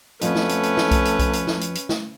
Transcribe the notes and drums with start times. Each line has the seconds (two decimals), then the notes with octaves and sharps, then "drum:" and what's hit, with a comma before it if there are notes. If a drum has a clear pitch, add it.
0.21 F2 F3 A3 B3 C#4 B4, drum: hi-hat
0.35 drum: snare
0.49 drum: hi-hat
0.63 drum: hi-hat
0.77 drum: snare
0.91 drum: kick B1, hi-hat
1.05 drum: hi-hat
1.19 drum: kick B1, hi-hat
1.33 drum: hi-hat
1.47 drum: snare
1.61 drum: hi-hat
1.75 drum: hi-hat
1.89 drum: snare